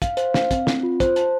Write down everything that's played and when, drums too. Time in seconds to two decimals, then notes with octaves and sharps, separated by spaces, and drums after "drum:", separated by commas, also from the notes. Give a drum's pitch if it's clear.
0.02 F5, drum: kick, hi-hat
0.17 C5, drum: hi-hat
0.34 F5, drum: snare
0.51 C4, drum: kick, hi-hat
0.67 C4, drum: snare
0.83 F4
1.00 C5, drum: kick, hi-hat
1.16 A5, drum: hi-hat